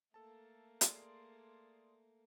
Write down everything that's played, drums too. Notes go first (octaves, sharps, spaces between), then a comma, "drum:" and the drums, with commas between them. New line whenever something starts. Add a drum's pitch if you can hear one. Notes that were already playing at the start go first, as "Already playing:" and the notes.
A3 A#3 A4 A5
G#4 D5 C6, drum: hi-hat